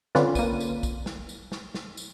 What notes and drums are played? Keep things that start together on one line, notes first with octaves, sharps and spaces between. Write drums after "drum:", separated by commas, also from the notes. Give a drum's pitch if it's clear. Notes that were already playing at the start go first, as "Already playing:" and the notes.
D3 C4 C#4 F4 B4 D5, drum: snare
A#3 D#7, drum: kick, tambourine
drum: tambourine
drum: kick, tambourine
drum: snare
drum: tambourine
drum: snare
drum: snare
drum: tambourine